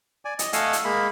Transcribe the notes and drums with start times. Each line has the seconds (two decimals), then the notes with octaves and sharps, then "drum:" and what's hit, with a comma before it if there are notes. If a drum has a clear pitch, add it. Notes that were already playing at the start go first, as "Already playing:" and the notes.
0.25 D5 G#5
0.39 D#5, drum: hi-hat
0.53 A3 D#5 F5 F#5 G#5 E6, drum: hi-hat
0.73 drum: hi-hat
0.85 G#3 A#3 B5